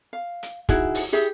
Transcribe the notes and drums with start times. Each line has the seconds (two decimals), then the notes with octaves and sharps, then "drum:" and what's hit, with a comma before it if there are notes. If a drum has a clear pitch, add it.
0.13 F5
0.43 drum: hi-hat
0.69 D#4 E4 F#4 G#4, drum: kick, hi-hat
0.95 drum: open hi-hat
1.12 E4 G4 G#4 E5